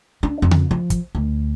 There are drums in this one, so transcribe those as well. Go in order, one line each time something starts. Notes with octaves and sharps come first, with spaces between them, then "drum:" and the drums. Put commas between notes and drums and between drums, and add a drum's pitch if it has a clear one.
D4
F2
drum: tom C#3
F3
drum: kick, hi-hat
D2